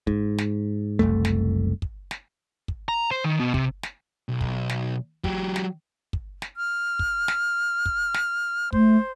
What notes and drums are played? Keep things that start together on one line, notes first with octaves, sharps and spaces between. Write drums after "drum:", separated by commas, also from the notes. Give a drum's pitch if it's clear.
G#2, drum: kick
drum: snare
F#1 C2 F#2 A3
drum: snare
drum: kick
drum: snare
drum: kick
A#5
C5
D#3
B2
C3, drum: kick
drum: snare
B1
drum: kick
drum: snare
F#3 G4, drum: kick
drum: snare
drum: kick
drum: snare
F6
drum: kick
drum: snare
drum: kick
drum: snare
A3 C5, drum: kick